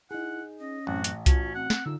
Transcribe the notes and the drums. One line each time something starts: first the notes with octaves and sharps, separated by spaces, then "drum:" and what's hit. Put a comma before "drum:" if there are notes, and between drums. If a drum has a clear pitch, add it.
D#4 E4 G#4 F#5
C#4 D#5
A1 F#2 C4 F#4
drum: hi-hat
C#4 F4 F#4 A5, drum: kick C2, hi-hat
C4 F#5
drum: snare
D3 D#4 F4 E6